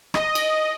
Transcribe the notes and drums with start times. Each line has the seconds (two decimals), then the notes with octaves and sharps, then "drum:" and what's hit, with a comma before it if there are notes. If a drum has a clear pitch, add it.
0.14 D#5, drum: rim click
0.35 drum: cymbal